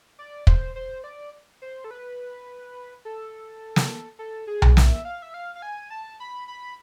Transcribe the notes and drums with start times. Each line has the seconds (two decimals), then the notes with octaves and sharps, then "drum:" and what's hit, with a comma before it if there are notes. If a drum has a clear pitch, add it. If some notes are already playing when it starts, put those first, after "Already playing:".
0.19 D5
0.47 C5, drum: kick
0.76 C5
1.04 D5
1.62 C5
1.84 A4
1.91 B4
3.05 A4
3.76 drum: snare
4.19 A4
4.47 G#4
4.62 drum: tom B1
4.77 E5, drum: snare
5.05 F5
5.22 E5
5.34 F5
5.55 F5
5.62 G#5
5.90 A5
6.20 B5
6.48 B5